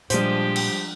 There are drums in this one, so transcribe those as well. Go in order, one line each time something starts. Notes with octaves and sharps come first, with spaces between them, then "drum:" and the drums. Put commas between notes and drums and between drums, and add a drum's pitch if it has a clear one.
A#2 F3 G3 G#3 D4 G4 C5, drum: hi-hat
drum: cymbal